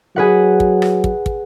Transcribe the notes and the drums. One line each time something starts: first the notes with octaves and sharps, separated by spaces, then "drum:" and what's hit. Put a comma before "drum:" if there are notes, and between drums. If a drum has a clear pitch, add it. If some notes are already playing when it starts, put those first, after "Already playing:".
F#3 G#4 B4 F#5
drum: kick
drum: rim click
drum: kick
drum: kick